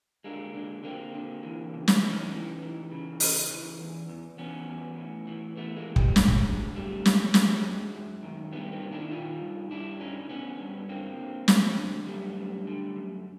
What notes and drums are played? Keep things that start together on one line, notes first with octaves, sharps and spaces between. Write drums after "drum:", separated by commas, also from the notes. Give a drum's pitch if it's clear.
D3 G#3 A#3
D3
D3 A#3 C4
D3
E3
C#3
drum: snare
E3 C#4 D#4
E3
E3
C#3
C#3, drum: open hi-hat
E3
E2
E2
E2 B3 C#4
E2
A2
E3
E3 A3 B3
G#3 A#3
E3
G3 A3, drum: kick
D3 F#3 G#3, drum: snare
drum: kick
D3
F2 G3 A3
F2, drum: snare
F#2 F#3 G#3, drum: snare
F#2
F#2
D#3
G2 A3 B3
A#3 C4
D#3
D4 E4
D#3 D#4 F4
G2
G2 D4 E4
D3 C#4 D#4
D3 B3 C#4
G2
D3 A#3 C4
D3
F2, drum: snare
D3
F#2 G3 A3
F#2
D3
F#2